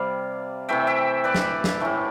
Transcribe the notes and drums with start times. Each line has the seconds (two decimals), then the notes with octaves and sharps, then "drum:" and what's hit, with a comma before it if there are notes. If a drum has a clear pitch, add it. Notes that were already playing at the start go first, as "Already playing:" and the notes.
Already playing: C3 G3 D5 F5
0.69 C3 E3 A3 E5 G5
0.87 E5 G5
1.24 B4 D5
1.35 drum: snare
1.64 drum: snare
1.80 A2 E3 A3